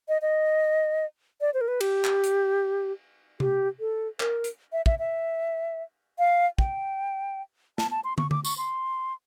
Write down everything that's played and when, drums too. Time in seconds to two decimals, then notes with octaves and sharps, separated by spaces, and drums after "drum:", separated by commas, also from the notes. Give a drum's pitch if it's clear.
0.09 D#5
0.22 D#5
1.41 D5
1.54 C5
1.61 A#4
1.68 B4
1.81 G4, drum: cymbal
2.04 drum: clap
2.24 drum: hi-hat
3.40 G4, drum: tom C3
3.80 A4
4.20 A#4, drum: clap
4.44 drum: hi-hat
4.72 E5
4.86 E5, drum: kick
4.99 E5
6.19 F5
6.58 G5, drum: kick
7.78 A5, drum: snare
7.91 A5
8.04 C6
8.18 C#6, drum: tom
8.31 D6, drum: tom D3
8.45 C#6, drum: tambourine
8.58 C6